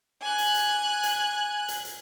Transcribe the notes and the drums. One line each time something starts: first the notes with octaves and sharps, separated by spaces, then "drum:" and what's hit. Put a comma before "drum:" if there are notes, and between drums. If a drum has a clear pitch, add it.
G#5 F#6
drum: hi-hat
drum: hi-hat
drum: hi-hat
drum: hi-hat
drum: hi-hat